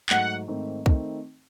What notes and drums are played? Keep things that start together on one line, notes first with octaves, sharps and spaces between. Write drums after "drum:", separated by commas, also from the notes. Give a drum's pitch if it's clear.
G#2 F#3 A3 F#5, drum: clap
G#2 D#3 A3 C4 D#4
D#3 A3 C4 D#4, drum: kick